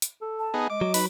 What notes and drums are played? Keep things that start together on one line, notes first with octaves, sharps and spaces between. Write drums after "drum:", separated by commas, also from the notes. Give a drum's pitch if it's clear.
drum: hi-hat
A4
A5
B3 D#4 G#4
G#3 D#5 D6
F#3
D#4 B4 B5, drum: open hi-hat